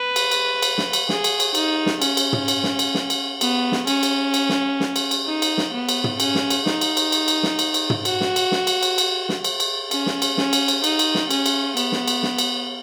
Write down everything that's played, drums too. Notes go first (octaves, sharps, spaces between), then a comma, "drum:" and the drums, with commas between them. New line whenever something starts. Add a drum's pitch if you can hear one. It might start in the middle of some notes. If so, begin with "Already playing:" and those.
Already playing: B4
drum: cymbal
drum: cymbal
drum: cymbal
drum: snare
drum: cymbal
G#4, drum: snare
drum: cymbal
drum: cymbal
D#4, drum: cymbal
drum: snare
C#4, drum: cymbal
drum: cymbal
drum: tom
drum: cymbal
drum: snare
drum: cymbal
drum: snare
drum: cymbal
B3, drum: cymbal
drum: snare
C#4, drum: cymbal
drum: cymbal
drum: cymbal
drum: snare
drum: snare
drum: cymbal
drum: cymbal
D#4
drum: cymbal
drum: snare
B3
drum: cymbal
drum: tom
C#4, drum: cymbal
drum: snare
drum: cymbal
D#4, drum: snare
drum: cymbal
drum: cymbal
drum: cymbal
drum: cymbal
drum: snare
drum: cymbal
drum: cymbal
drum: tom
F#4, drum: cymbal
drum: snare
drum: cymbal
drum: snare
drum: cymbal
drum: cymbal
drum: cymbal
drum: snare
drum: cymbal
drum: cymbal
C#4, drum: cymbal
drum: snare
drum: cymbal
C#4, drum: snare
drum: cymbal
drum: cymbal
D#4, drum: cymbal
drum: cymbal
drum: snare
C#4, drum: cymbal
drum: cymbal
B3, drum: cymbal
drum: snare
drum: cymbal
drum: snare
drum: cymbal